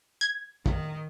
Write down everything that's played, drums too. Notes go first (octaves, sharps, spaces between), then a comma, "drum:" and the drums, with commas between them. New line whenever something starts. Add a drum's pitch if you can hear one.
G#6
D#3, drum: kick